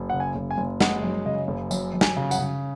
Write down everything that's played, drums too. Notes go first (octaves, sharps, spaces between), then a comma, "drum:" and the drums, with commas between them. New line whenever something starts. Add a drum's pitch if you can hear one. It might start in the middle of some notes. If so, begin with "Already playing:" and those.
Already playing: F#1
C#3 F#5
G#5
F#1
G#5
F#1
G#3 F#5, drum: snare
F#2
C#3 D#5
F#1
F#2, drum: tambourine
F#2
G#5, drum: snare
C#3
F#5, drum: tambourine
C#3